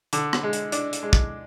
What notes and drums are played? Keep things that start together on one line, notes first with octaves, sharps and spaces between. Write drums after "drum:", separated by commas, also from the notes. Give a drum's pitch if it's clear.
D3, drum: hi-hat
drum: rim click
G#3
drum: hi-hat
D4, drum: hi-hat
drum: hi-hat
G#3
drum: kick